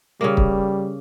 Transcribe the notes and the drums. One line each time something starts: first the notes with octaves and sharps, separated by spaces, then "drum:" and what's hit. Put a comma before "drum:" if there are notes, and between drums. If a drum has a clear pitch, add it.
C#3 G3 A#3
drum: kick